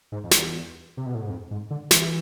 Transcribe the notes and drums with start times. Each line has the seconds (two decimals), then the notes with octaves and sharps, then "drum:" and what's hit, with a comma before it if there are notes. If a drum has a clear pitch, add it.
0.12 G#2
0.24 F2
0.31 E2, drum: snare
0.97 C3
1.06 B2
1.15 A2
1.22 G#2
1.30 F2
1.51 G#2
1.71 D3
1.91 E3, drum: snare